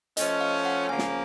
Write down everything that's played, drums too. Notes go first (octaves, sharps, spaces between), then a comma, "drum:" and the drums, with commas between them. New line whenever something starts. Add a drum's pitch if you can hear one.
F3 A3 C#4 D#5, drum: hi-hat
F5
F#5
C#3 F3 A#3 G#5
drum: snare